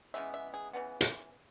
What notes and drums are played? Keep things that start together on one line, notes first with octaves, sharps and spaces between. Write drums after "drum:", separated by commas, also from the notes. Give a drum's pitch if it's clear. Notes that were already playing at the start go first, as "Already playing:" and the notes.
C#3 E3 G#3 B3 E5
E5
G#4
C#3 E3 G#3 B3
drum: hi-hat